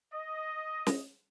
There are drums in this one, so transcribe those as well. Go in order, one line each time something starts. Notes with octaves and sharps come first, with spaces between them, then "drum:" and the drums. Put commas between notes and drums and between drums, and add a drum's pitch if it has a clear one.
D#5
drum: snare